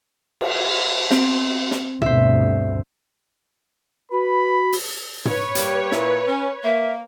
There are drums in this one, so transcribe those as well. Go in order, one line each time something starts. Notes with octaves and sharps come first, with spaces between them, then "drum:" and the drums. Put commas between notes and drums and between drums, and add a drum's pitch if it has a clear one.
drum: cymbal
C4, drum: snare
drum: snare
D2 G2 B2 C5 E5, drum: tom
F#4 B4 B5
drum: open hi-hat
B4 C#5, drum: tom
G3 A#3 G4, drum: hi-hat
A#2 E4, drum: snare
C#4
A#3 E5